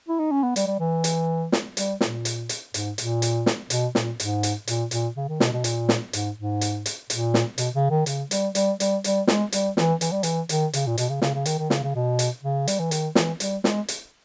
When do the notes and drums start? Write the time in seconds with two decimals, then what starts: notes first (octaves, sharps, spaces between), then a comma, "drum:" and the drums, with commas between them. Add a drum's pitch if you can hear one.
0.09 E4
0.19 D#4
0.31 C#4
0.43 B3
0.56 G3, drum: hi-hat
0.67 G3
0.80 E3
1.04 drum: hi-hat
1.52 drum: snare
1.77 G3, drum: hi-hat
2.01 A#2, drum: snare
2.25 drum: hi-hat
2.49 drum: hi-hat
2.74 G#2, drum: hi-hat
2.98 A#2, drum: hi-hat
3.22 drum: hi-hat
3.46 drum: snare
3.70 B2, drum: hi-hat
3.95 A#2, drum: snare
4.20 G#2, drum: hi-hat
4.43 drum: hi-hat
4.67 A#2, drum: hi-hat
4.91 A#2, drum: hi-hat
5.17 C#3
5.28 D#3
5.40 B2, drum: snare
5.53 B2
5.64 A#2, drum: hi-hat
5.89 drum: snare
6.13 G#2, drum: hi-hat
6.37 G#2
6.61 drum: hi-hat
6.86 drum: hi-hat
7.10 A#2, drum: hi-hat
7.34 drum: snare
7.58 B2, drum: hi-hat
7.75 C#3
7.90 D#3
8.06 C#3, drum: hi-hat
8.31 G3, drum: hi-hat
8.55 G3, drum: hi-hat
8.80 G3, drum: hi-hat
9.04 G3, drum: hi-hat
9.27 G#3, drum: snare
9.52 G3, drum: hi-hat
9.77 E3, drum: snare
10.01 E3, drum: hi-hat
10.12 G3
10.23 E3, drum: hi-hat
10.49 D#3, drum: hi-hat
10.73 C#3, drum: hi-hat
10.87 A#2
10.98 B2, drum: hi-hat
11.09 C#3
11.22 C#3, drum: snare
11.34 C#3
11.46 D#3, drum: hi-hat
11.58 D#3
11.70 C#3, drum: snare
11.83 C#3
11.95 B2
12.19 drum: hi-hat
12.43 C#3
12.67 G3, drum: hi-hat
12.79 E3
12.91 D#3, drum: hi-hat
13.15 E3, drum: snare
13.40 G3, drum: hi-hat
13.64 G#3, drum: snare
13.88 drum: hi-hat